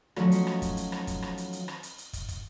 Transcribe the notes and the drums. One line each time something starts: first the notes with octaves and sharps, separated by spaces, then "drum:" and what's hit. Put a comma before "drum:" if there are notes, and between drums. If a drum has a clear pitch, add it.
D#3 F3 F#3 A3 C#4, drum: rim click
drum: hi-hat
drum: rim click
drum: kick, hi-hat
drum: hi-hat
drum: rim click
drum: kick, hi-hat
drum: rim click
drum: hi-hat
drum: hi-hat
drum: rim click
drum: hi-hat
drum: hi-hat
drum: kick, hi-hat
drum: kick, hi-hat